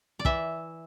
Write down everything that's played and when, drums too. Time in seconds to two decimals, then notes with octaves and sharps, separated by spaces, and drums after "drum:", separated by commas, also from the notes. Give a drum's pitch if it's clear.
0.19 D5
0.25 E3 E5, drum: kick